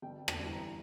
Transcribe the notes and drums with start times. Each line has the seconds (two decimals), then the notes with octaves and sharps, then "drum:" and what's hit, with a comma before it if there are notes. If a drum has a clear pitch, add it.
0.02 G1 G5
0.28 G5, drum: rim click
0.39 G2 E3
0.52 A#5
0.66 A#5